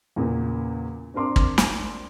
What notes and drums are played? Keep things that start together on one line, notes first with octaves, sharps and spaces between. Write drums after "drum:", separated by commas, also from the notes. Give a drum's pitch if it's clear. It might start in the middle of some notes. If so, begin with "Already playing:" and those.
E2 A#2 C#3
C4 D4 A#4 C6 D6
drum: kick
drum: snare